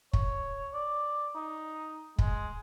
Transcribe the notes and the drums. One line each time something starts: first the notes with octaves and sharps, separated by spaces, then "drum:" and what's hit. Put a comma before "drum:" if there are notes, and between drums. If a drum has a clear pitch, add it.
C#5, drum: kick
D5
D#4
G#3, drum: kick